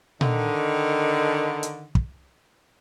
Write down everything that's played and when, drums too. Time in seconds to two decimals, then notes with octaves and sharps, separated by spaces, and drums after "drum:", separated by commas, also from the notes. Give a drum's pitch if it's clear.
0.21 D3 D#3, drum: tom A#2
1.63 drum: hi-hat
1.95 drum: kick